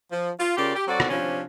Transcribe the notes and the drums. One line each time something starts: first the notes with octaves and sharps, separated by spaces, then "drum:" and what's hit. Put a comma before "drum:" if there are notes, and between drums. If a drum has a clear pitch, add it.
F3
F4
C#3 F4 G4 A#4 D5
G4
F#3 C4 F#4 A4 D5
drum: rim click
C3 F3 C#4 D4